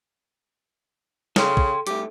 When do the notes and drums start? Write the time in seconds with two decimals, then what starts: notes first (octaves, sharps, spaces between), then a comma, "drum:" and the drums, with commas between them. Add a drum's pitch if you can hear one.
1.36 C#3 A4 G5 C6, drum: snare
1.57 drum: kick
1.87 G2 A3 G4, drum: hi-hat